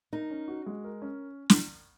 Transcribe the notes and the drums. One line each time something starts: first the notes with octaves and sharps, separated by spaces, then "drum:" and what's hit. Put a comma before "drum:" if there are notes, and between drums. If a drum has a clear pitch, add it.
D#4 A#4
C#4
F#4
G#3
A#4
C#4
drum: snare